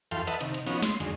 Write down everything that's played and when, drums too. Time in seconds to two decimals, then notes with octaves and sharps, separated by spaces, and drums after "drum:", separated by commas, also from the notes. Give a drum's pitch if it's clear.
0.11 F#2 E3 A4 F5 G5 C6, drum: hi-hat
0.27 B4 D#5 E5 F#5 A5, drum: hi-hat
0.41 C3 D#3, drum: hi-hat
0.54 drum: hi-hat
0.66 F3 B3 C#4 D#4 F#4, drum: open hi-hat
0.82 C6, drum: snare
1.00 F#2 D3 D#3 G#3, drum: hi-hat